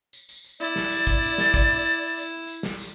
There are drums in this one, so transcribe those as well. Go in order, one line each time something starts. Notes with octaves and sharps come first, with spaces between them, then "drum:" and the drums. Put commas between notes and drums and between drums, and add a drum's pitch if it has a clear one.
drum: tambourine
drum: tambourine
drum: tambourine
E4 D5
drum: snare
drum: tambourine
drum: kick, tambourine
drum: tambourine
drum: snare
drum: kick, tambourine
drum: tambourine
drum: tambourine
drum: tambourine
drum: tambourine
drum: tambourine
drum: snare
drum: tambourine